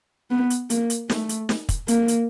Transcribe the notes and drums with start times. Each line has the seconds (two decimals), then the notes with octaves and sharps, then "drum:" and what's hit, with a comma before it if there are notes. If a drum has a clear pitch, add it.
0.31 B3
0.50 drum: hi-hat
0.70 A#3, drum: hi-hat
0.90 drum: hi-hat
1.10 A3, drum: snare
1.29 drum: hi-hat
1.49 drum: snare
1.69 drum: kick, hi-hat
1.88 A#3, drum: hi-hat
2.08 drum: hi-hat